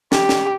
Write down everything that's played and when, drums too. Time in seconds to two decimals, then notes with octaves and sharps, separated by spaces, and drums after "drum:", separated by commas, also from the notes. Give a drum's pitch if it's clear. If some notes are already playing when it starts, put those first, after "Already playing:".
0.12 G4, drum: snare
0.29 drum: snare